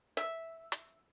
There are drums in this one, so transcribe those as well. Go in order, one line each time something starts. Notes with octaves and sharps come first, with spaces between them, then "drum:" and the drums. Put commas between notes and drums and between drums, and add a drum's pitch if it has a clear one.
E5
drum: hi-hat